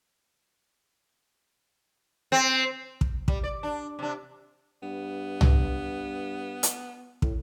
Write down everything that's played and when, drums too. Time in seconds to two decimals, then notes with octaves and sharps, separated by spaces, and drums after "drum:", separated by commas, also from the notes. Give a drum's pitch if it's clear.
2.32 C4
3.01 drum: kick
3.28 G3, drum: kick
3.44 D5
3.63 D4
3.99 C3 D4
4.83 G2 B3
5.41 drum: tom
6.63 drum: hi-hat
7.22 A2, drum: kick